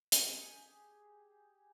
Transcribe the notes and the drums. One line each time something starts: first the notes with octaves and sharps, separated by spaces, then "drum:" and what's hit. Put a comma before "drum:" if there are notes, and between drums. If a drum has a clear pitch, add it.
G4 G#4 C#7 D#7, drum: hi-hat